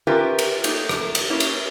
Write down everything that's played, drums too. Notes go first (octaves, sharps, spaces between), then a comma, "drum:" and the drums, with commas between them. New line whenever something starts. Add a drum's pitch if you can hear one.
C#4 F4 G4 A#4 B4 E5
drum: cymbal
A3 A#3 D#4, drum: cymbal
drum: rim click
drum: cymbal
A#3 C#4 E4
drum: cymbal